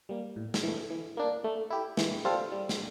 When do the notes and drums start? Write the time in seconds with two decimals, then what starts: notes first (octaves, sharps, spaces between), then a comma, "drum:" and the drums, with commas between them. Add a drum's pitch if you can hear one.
0.09 G3 A#3
0.36 A2
0.54 drum: snare
0.63 E3 A3
0.90 E3
1.17 A#3 D4
1.44 A3
1.70 E4 G4
1.97 E3, drum: snare
2.25 G3 C4 F4 A4
2.52 G3
2.69 drum: snare